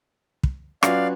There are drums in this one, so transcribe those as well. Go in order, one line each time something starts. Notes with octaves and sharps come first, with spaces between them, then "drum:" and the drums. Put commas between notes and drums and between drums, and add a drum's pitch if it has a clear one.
drum: kick
F#3 C#4 F4 B4 D5 F5, drum: rim click